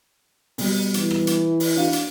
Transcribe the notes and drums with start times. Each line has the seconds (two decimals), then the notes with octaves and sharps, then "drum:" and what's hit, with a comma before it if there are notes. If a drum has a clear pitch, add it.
0.58 B2 G3, drum: open hi-hat
0.94 E3, drum: hi-hat
1.10 drum: rim click
1.27 drum: hi-hat
1.60 drum: open hi-hat
1.76 D4 F#4 F5
1.93 drum: hi-hat